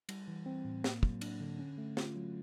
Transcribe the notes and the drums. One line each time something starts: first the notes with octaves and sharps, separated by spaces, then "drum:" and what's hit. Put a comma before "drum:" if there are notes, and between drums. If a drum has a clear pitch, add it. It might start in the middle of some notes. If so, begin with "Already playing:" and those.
G3, drum: cymbal
E3
C4
A2
A#3, drum: snare
F#3, drum: kick
D4, drum: cymbal
D3
C#4
A3
F4, drum: snare
F#3